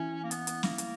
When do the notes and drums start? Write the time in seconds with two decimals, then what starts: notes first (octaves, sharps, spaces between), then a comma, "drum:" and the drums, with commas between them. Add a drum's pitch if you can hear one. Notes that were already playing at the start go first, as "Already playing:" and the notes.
Already playing: E3 C#4 E4
0.24 A#3
0.31 B3, drum: hi-hat
0.47 drum: hi-hat
0.63 A#3, drum: snare
0.78 drum: hi-hat